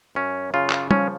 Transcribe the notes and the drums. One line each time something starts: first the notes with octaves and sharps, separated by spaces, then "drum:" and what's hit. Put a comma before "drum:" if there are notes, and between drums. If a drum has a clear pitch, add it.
F#2 C#4
C#3 F4
drum: clap
F3 C#4, drum: tom